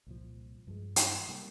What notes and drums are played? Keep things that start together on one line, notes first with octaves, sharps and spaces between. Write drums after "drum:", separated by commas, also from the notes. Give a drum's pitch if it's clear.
C2 A#2 F3
G2 F3 G#3
drum: hi-hat
C3 G3 A#3